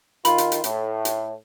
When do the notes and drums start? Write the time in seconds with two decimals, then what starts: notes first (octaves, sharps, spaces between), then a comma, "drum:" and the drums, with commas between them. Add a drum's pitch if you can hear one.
0.25 D#3 F4 B5, drum: hi-hat
0.38 drum: hi-hat
0.52 drum: hi-hat
0.64 A2, drum: hi-hat
1.05 drum: hi-hat